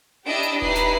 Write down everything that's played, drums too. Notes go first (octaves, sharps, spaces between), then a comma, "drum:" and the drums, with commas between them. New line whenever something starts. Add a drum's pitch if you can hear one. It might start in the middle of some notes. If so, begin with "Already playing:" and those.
D4 E4 G4 D#5 E6 D7
drum: hi-hat
D#4 E4 G4 B4 B5 C7, drum: kick D#1
drum: snare